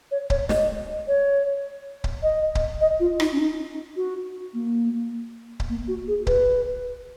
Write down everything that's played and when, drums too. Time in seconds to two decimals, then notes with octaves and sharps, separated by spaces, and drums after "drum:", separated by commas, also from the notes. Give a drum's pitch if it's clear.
0.11 C#5
0.30 C#5, drum: kick C#1
0.49 D#5, drum: snare
1.08 C#5
2.04 drum: kick C#1
2.23 D#5
2.55 drum: kick C#1
2.81 D#5
3.00 F4
3.20 D#4, drum: rim click
3.32 C#4
3.39 D#4
3.96 F#4
4.54 A#3
5.60 drum: kick C#1
5.69 A#3
5.88 F#4
6.08 G#4
6.27 B4, drum: kick C#1